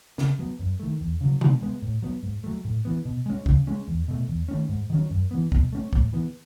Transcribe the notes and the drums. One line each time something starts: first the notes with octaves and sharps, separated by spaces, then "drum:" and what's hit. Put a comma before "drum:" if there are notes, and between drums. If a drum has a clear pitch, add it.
C#3, drum: snare
F#3 B3
F#2
D#3 A3
E2
C#3 F#3
B2, drum: tom C3
G#3 B3
A2
F#3 B3
G#2
F#3 A3
A2
E3 B3
B2
G#3 C#4
C#3, drum: kick
G#3 C#4
E2
B2 A3
E2
D#3 A3 C#4
G#2
D#3 F#3 C#4
F#2
E3 B3
B2, drum: kick
A3 C#4
A2, drum: kick
E3 B3